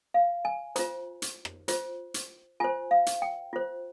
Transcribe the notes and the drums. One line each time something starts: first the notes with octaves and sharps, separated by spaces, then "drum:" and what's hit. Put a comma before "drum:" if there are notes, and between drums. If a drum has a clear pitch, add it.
F5
G#5
F4 C5 A#5, drum: hi-hat
drum: hi-hat
drum: rim click
F4 C5, drum: hi-hat
drum: hi-hat
F4 C5 G#5
F5
drum: hi-hat
G5
F4 C5